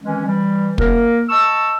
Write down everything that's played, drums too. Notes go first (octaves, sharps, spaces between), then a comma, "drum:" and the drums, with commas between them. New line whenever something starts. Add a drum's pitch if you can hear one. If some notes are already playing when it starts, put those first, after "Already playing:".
D#3 E3 G#3 C4 C#4
E3 G3
A#3 A#4, drum: kick
D#5 A5 C#6 E6